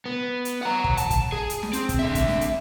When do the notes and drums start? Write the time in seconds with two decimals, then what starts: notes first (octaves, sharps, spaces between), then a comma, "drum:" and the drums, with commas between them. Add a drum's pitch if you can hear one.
0.06 B3
0.45 drum: hi-hat
0.63 F#5 A#5
0.84 drum: kick
0.97 A5, drum: hi-hat
1.10 drum: kick, hi-hat
1.32 G#4
1.50 drum: hi-hat
1.63 drum: snare
1.73 C4, drum: hi-hat
1.89 drum: kick, hi-hat
1.99 D3 E5
2.15 drum: kick, hi-hat
2.28 drum: snare
2.41 drum: hi-hat